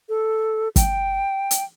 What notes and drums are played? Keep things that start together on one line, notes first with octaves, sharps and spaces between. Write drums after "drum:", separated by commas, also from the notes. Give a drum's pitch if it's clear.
A4
G5, drum: kick, hi-hat
drum: hi-hat